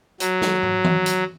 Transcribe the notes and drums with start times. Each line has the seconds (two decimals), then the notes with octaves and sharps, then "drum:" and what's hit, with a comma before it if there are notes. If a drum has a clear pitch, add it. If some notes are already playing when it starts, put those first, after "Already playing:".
0.20 F#3, drum: hi-hat
0.42 drum: snare
0.63 drum: tom
0.84 drum: tom E3
1.06 drum: hi-hat